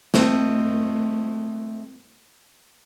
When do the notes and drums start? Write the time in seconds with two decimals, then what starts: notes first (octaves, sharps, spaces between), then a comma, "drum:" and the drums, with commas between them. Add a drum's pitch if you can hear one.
0.14 A3 C4 D#5, drum: snare